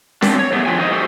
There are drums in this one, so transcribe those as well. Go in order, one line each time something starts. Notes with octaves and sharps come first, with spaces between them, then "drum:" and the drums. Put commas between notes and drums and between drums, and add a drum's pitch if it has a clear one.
F#3 C4 D4, drum: snare C#4
C#5
A3 B3 G4 G#4
F2 D3 F3 F4 G5 G#5
D#3 F#3 D4 G4 C5 D#5
F#4 G4 A4 C5